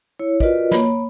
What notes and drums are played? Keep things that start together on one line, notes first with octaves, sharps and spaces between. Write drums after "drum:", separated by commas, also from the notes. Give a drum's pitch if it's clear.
E4 C#5
F4 F#4 A#4 B4 D5 D#5, drum: kick
A#3 C#5 B5, drum: snare